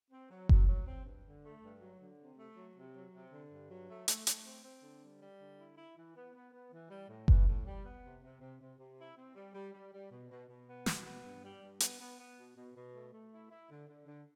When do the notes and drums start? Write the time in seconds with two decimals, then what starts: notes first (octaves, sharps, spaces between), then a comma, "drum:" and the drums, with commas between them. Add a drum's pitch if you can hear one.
0.11 C4
0.30 F#3
0.49 F#3, drum: kick F#1
0.68 F#3
0.87 C4
1.05 G2
1.25 D3
1.43 A3
1.62 G2
1.81 F#3
2.00 D3
2.19 C3
2.38 A3
2.57 F#3
2.75 C3
2.95 F#3
3.13 C3
3.32 D3
3.51 G2
3.70 F#3
3.88 A3
4.08 A3, drum: hi-hat
4.27 A3, drum: hi-hat
4.45 C4
4.64 C4
4.83 D3
5.01 G3
5.21 G3
5.40 D3
5.58 E4
5.77 E4
5.96 E3
6.15 B3
6.34 B3
6.52 B3
6.72 E3
6.90 G3
7.09 A2
7.28 E3, drum: kick F#1
7.47 A2
7.66 G3
7.85 B3
8.04 C3
8.22 C3
8.41 C3
8.60 C3
8.79 C3
8.98 E4
9.17 C4
9.35 G3
9.54 G3
9.73 G3
9.92 G3
10.11 B2
10.30 B2
10.49 B2
10.67 B3
10.86 B2, drum: snare
11.05 B3
11.24 G2
11.43 G3
11.62 G2
11.80 B3, drum: hi-hat
11.99 B3
12.19 B3
12.38 B2
12.56 B2
12.75 B2
12.93 A3
13.12 A3
13.32 E4
13.50 E4
13.70 D3
13.88 D3
14.07 D3